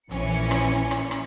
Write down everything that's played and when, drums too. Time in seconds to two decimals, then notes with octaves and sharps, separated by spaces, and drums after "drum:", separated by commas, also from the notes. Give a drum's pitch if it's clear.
0.11 A#1 A#2 E3 C#4 C#7, drum: hi-hat
0.31 drum: hi-hat
0.51 drum: rim click
0.71 drum: hi-hat
0.91 drum: rim click
1.11 drum: rim click